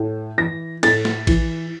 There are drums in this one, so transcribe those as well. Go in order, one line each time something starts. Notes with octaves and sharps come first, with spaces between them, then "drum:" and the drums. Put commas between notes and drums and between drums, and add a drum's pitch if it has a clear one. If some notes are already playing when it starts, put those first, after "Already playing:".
Already playing: A2
E3 A#6
A2 A6, drum: cymbal
drum: snare
E3, drum: kick A1, cymbal